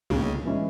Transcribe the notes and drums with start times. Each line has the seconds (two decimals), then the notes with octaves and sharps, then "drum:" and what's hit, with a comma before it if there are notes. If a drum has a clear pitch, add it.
0.10 C#2 A2 C#3, drum: tom
0.45 E3 G#3 C#4 E4